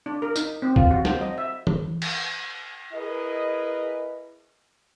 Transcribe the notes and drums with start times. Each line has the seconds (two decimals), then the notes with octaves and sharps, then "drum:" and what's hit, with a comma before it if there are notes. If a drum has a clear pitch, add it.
0.06 D4
0.22 A#4
0.36 D#4, drum: tambourine
0.62 C4
0.76 F4, drum: kick C#2
0.91 F#4
1.05 C5, drum: snare
1.21 D#5
1.38 E5
1.67 drum: tom
2.02 drum: cymbal
2.93 E4 G#4 A#4 B4 D#5